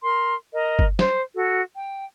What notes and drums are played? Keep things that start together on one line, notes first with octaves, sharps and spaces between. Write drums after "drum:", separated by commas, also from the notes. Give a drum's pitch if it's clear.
A#4 C6
A#4 D#5
drum: kick F#1
C5, drum: snare
F#4 A4
G5